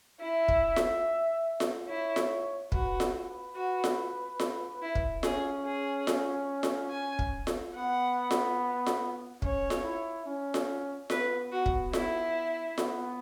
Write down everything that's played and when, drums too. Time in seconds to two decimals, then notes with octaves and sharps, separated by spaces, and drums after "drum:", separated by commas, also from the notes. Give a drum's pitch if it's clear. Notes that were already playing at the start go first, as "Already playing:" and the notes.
0.20 E4 E5
0.48 drum: kick
0.76 drum: snare F4
1.60 drum: snare F4
1.88 E4 C#5
2.16 drum: snare F4
2.72 F#4 B4, drum: kick
3.00 drum: snare F4
3.14 B4
3.55 F#4
3.84 drum: snare F4
4.40 drum: snare F4
4.82 E4
4.95 drum: kick
5.23 C#4 G#4, drum: snare F4
5.65 G#4
6.07 drum: snare F4
6.63 drum: snare F4
6.90 G#5
7.19 drum: kick
7.47 drum: snare F4
7.75 B3 F#5
8.31 drum: snare F4
8.86 drum: snare F4
9.42 C#4 C#5, drum: kick
9.70 drum: snare F4
9.84 E4
10.26 C#4
10.54 drum: snare F4
11.10 B3 B4, drum: snare F4
11.52 F#4
11.66 drum: kick
11.93 E4, drum: snare F4
12.78 B3, drum: snare F4